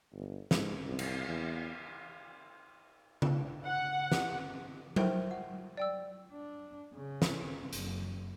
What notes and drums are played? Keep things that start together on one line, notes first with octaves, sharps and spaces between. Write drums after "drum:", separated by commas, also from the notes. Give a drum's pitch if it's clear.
G1
G#2, drum: snare
C2
drum: cymbal
E2
drum: tom C#3
F#5
drum: snare
A#4 C5 C#5 E5 G5, drum: tom F#3
F#5
D5 G5 E6
D4
C#3
drum: snare
F#1, drum: hi-hat